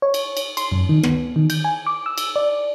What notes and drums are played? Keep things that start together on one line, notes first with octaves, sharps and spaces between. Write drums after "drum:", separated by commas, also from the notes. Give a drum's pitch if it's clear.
C#5
drum: cymbal
drum: cymbal
C6, drum: cymbal
F#2
D#3
B3, drum: rim click
D#3
G6, drum: cymbal
G#5
D6
E6
drum: cymbal
D5